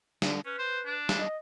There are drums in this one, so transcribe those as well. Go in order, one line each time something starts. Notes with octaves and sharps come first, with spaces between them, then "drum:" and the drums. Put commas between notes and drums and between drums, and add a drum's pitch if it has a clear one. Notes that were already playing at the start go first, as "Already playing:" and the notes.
D3, drum: snare
C#4 B4
C5
D4
drum: snare
D#5